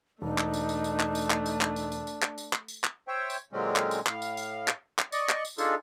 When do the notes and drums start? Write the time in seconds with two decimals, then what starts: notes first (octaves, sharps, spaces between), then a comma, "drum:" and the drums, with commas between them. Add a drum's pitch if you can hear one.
0.22 E1 A3 D4 D#4
0.38 drum: clap
0.54 drum: tambourine
0.69 drum: tambourine
0.84 drum: tambourine
1.00 drum: clap
1.15 drum: tambourine
1.30 drum: clap
1.46 drum: tambourine
1.61 drum: clap
1.76 drum: tambourine
1.92 drum: tambourine
2.07 drum: tambourine
2.22 drum: clap
2.38 drum: tambourine
2.53 drum: clap
2.68 drum: tambourine
2.84 drum: clap
3.08 C5 C#5 E5 G5
3.30 drum: tambourine
3.53 A#2 D3 F#3 G#3 C4 C#4
3.76 drum: clap
3.91 drum: tambourine
4.07 A2 F5, drum: clap
4.22 drum: tambourine
4.37 drum: tambourine
4.68 drum: clap
4.99 drum: clap
5.12 D5 D#5 C#6, drum: tambourine
5.29 drum: clap
5.45 drum: tambourine
5.58 D4 D#4 F4 G#4 A4, drum: tambourine